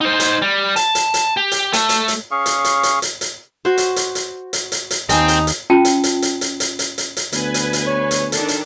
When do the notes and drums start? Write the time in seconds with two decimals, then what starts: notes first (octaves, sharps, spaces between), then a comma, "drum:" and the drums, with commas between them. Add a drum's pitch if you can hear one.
0.01 D#4 C5
0.20 drum: hi-hat
0.42 G3
0.76 A5, drum: hi-hat
0.95 drum: hi-hat
1.14 drum: hi-hat
1.37 G4
1.51 drum: hi-hat
1.73 A3, drum: hi-hat
1.89 drum: hi-hat
2.08 drum: hi-hat
2.31 C#4 G#4 F5 C#6
2.46 drum: hi-hat
2.64 drum: hi-hat
2.83 drum: hi-hat
3.02 drum: hi-hat
3.21 drum: hi-hat
3.65 F#4 C5
3.78 drum: hi-hat
3.96 drum: hi-hat
4.15 drum: hi-hat
4.53 drum: hi-hat
4.72 drum: hi-hat
4.91 drum: hi-hat
5.09 D#2 C4 D#4 G#5 A5, drum: hi-hat
5.28 drum: hi-hat
5.47 drum: hi-hat
5.70 C#4 F4 G5 A5
5.85 drum: hi-hat
6.04 drum: hi-hat
6.22 drum: hi-hat
6.41 drum: hi-hat
6.60 drum: hi-hat
6.79 drum: hi-hat
6.98 drum: hi-hat
7.17 drum: hi-hat
7.32 D2 B3 B4 G#5, drum: hi-hat
7.54 drum: hi-hat
7.73 drum: hi-hat
7.87 C#5
8.11 drum: hi-hat
8.32 D#3 D4 A4, drum: hi-hat
8.48 drum: hi-hat